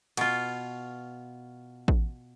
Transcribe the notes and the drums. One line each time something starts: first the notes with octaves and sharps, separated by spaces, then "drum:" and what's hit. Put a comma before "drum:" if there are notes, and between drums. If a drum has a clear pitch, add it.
B2 F4, drum: cymbal
drum: kick A1